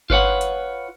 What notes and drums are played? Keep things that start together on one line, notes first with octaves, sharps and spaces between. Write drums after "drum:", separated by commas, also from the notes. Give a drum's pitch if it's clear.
F4 B4 C#5 F#5, drum: kick G1
drum: hi-hat